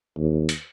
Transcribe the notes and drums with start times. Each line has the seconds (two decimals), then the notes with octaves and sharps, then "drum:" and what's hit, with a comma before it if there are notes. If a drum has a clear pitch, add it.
0.18 D#2
0.49 drum: hi-hat